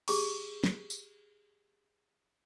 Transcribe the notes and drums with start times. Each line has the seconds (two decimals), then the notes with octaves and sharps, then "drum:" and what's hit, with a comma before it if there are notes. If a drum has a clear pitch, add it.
0.08 G4 G#4 C#6, drum: cymbal
0.64 drum: snare
0.90 drum: tambourine